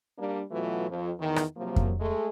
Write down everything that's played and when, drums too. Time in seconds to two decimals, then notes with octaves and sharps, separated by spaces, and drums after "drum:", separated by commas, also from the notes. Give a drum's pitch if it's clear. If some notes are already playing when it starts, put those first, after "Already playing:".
0.18 G3 A#3 D4
0.51 B2 E3 F#3 A3 F4
0.89 F2
1.19 E2 D#3
1.36 drum: rim click
1.56 C3 F3 F#3 A#3
1.76 drum: kick F2
2.00 G#3 A3